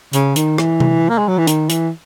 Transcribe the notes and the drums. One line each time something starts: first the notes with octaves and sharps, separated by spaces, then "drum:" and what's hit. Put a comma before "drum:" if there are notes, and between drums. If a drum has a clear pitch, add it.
C#3, drum: hi-hat
D#3, drum: hi-hat
E3, drum: rim click
drum: tom C3
A#3
G#3
F#3
E3
D#3, drum: hi-hat
E3, drum: hi-hat